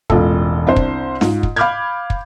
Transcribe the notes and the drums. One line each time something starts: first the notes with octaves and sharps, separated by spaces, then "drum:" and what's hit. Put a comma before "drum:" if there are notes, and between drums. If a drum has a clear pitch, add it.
E1 A1 G#3 F4 A4, drum: kick
C2 D4 C5
drum: kick
G#2 F4, drum: snare
drum: kick
F5 B5 D6 F6 G6 G#6
drum: kick